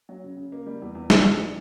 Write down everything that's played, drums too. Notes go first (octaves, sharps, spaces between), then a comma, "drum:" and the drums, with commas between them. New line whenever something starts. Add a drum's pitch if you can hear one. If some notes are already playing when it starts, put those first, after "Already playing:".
F#3
C#3
C#3
A#3
G3
E2
E2
A2, drum: snare
G#3
D4